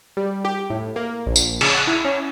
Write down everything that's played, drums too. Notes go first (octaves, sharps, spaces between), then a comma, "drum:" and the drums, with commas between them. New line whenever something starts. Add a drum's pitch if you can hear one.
G3
G4
A2
A#3
A#1
drum: tambourine
C#3, drum: cymbal
F#5
E4
C#4